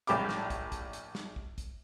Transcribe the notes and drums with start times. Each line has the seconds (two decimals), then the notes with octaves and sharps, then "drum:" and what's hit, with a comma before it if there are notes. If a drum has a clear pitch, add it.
0.07 A#1 A2 G4 B5 D6, drum: hi-hat
0.29 drum: snare
0.50 drum: kick, hi-hat
0.72 drum: kick, hi-hat
0.93 drum: hi-hat
1.15 drum: snare
1.36 drum: kick
1.58 drum: kick, hi-hat